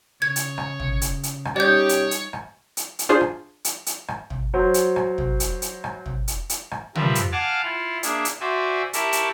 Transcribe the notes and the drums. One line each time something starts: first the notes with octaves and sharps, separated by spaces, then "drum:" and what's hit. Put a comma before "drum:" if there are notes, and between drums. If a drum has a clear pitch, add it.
C#3 C#5 G#6
drum: hi-hat
drum: rim click
drum: tom
drum: hi-hat
drum: hi-hat
drum: rim click
G3 C#4 D#4 G4 C#5 D5 G6
drum: hi-hat
drum: hi-hat
drum: rim click
drum: hi-hat
drum: hi-hat
D4 F4 G#4 C5
drum: rim click
drum: hi-hat
drum: hi-hat
drum: rim click
drum: tom
F#3 C5
drum: hi-hat
drum: rim click
drum: tom
drum: hi-hat
drum: hi-hat
drum: rim click
drum: tom
drum: hi-hat
drum: hi-hat
drum: rim click
F3 G3 A#4 B4 E5, drum: tom
drum: hi-hat
F5 F#5 G#5 A5 D6 F6
E4 F4
A#3 D4 G#4 E5, drum: hi-hat
drum: hi-hat
F#4 C5 D5 E5 G#5
E4 G4 A#4 E5 A5 C#6, drum: hi-hat
drum: hi-hat